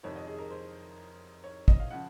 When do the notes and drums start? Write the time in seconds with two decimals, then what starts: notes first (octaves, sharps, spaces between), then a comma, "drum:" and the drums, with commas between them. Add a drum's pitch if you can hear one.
0.03 F2 C3 D#3 C#5
0.16 D#5
0.27 G#4
0.39 A#4
0.50 C5
1.44 C#5
1.68 D#5, drum: kick
1.80 F5
1.91 C#3 F3 F#5